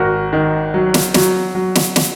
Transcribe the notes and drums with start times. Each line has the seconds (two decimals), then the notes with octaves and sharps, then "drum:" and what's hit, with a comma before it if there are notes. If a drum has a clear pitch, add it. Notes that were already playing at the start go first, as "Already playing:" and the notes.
Already playing: G#1 F#4 A#4
0.33 D#3
0.74 F#3
0.94 drum: snare
1.14 F#3, drum: snare
1.55 F#3
1.75 drum: snare
1.96 drum: snare